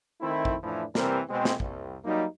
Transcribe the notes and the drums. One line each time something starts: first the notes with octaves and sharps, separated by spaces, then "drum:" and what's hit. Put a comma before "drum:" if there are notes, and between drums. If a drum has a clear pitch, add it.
D#3 A3 C4 E4
drum: kick
A2 E3 F3 D4 E4
C3 E3 G3 C4 A#4 C5, drum: snare
B2 G#3 C4
drum: snare
C2, drum: kick
F#3 G3 A#3 D#4